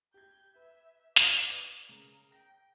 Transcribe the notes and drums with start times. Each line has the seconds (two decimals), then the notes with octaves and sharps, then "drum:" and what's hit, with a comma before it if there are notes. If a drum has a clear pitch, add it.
0.14 G4 G6 G#6
0.55 B4 E5
1.16 D5 D6, drum: snare
1.49 B4 C#7
1.89 C#3 A#4
2.32 G5 A#6